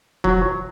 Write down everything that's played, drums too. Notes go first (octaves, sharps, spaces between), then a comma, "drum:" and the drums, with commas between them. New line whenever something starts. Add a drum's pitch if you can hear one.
F#3, drum: kick E1